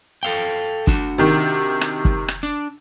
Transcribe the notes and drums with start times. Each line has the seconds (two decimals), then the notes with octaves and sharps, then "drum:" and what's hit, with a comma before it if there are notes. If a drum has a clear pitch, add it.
0.23 A4 F5 G5
0.87 D4 F#4, drum: kick
1.18 C3 D#3
1.81 drum: rim click
2.05 drum: kick
2.28 drum: rim click
2.43 D4